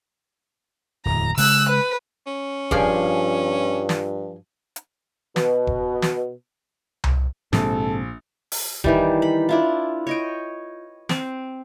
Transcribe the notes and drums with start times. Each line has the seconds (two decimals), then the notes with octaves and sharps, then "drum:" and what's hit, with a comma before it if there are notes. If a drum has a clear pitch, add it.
1.05 D1 E2 A#5
1.38 C#3 G#3 E6 F#6, drum: open hi-hat
1.69 B4
2.27 C#4
2.71 G2 F3 G#4 D5, drum: kick E1
3.89 drum: snare
4.76 drum: hi-hat
5.36 B2, drum: snare
5.67 drum: kick E1
6.02 drum: snare
7.04 drum: tom C2
7.53 A#1 G#2 C3 A4, drum: snare
8.52 drum: open hi-hat
8.84 D#3 E3 G3, drum: kick E1
9.22 B5
9.49 D4 E4 F4
10.07 C#5 D#5 G5
11.09 C4, drum: snare